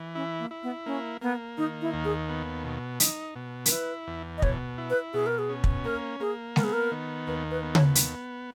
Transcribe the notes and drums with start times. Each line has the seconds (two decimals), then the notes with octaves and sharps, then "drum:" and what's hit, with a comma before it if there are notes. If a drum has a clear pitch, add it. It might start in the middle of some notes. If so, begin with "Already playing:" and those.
Already playing: E3
0.15 C#4 E4
0.39 A#3
0.51 E4
0.63 B3
0.86 A#3 C#4
1.21 A#3 B3
1.57 D#3 D#4
1.81 E4
1.94 D#2
2.04 G#4
2.29 B3
2.64 B2
3.00 D#4, drum: hi-hat
3.36 B2
3.66 A#4, drum: hi-hat
3.71 E4 B4
4.07 E2
4.38 D#5
4.42 B2 C#5, drum: kick
4.78 E4
4.90 B4
5.13 B2 G#4
5.26 A#4
5.38 G#4
5.49 C#4
5.64 drum: kick
5.85 A#3 A#4
6.20 A#3 G#4
6.56 B3 A#4, drum: snare G#3
6.64 G#4
6.73 A#4
6.92 D#3
7.27 D#2 B4
7.51 B4
7.63 B3
7.75 C#5, drum: tom C#3
7.95 drum: hi-hat